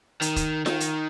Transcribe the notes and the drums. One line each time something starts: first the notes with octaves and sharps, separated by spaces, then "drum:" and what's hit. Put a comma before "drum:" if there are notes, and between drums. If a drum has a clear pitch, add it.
D#3, drum: hi-hat
drum: kick, hi-hat
D#3, drum: snare F4
drum: hi-hat